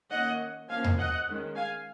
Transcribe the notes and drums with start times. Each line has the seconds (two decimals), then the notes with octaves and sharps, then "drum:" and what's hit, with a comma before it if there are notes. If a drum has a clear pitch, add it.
0.10 D#3 A#3 C#4 D#5 F#5
0.69 F3 A#3 C#4 F5 G#5
0.84 drum: tom E2
0.98 D#5 F#5
1.27 D#3 G#3 C#4
1.56 F5 G#5